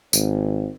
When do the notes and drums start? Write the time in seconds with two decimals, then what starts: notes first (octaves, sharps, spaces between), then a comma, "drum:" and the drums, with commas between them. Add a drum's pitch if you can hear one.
0.13 G#1, drum: tambourine